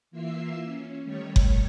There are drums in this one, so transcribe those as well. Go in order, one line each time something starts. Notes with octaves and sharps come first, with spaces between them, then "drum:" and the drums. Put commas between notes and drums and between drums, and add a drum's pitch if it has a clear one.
E3 A#3 F4 E5 E6 C7
C#4
D#3 G3 A3 C#5
drum: kick F#1